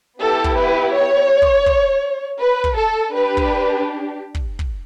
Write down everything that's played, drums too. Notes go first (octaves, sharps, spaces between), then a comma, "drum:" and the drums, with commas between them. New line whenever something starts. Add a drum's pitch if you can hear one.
B3 E4 G4 A4
drum: kick
B4
C#5
drum: kick
drum: kick
B4
drum: kick
A4
D4 G4 B4
drum: kick
drum: kick
drum: kick